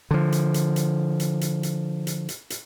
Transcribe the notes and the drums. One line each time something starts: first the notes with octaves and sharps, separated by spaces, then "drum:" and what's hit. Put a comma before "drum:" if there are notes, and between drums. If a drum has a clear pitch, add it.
D3 F3
drum: hi-hat
drum: hi-hat
drum: hi-hat
drum: hi-hat
drum: hi-hat
drum: hi-hat
drum: hi-hat
drum: hi-hat
drum: hi-hat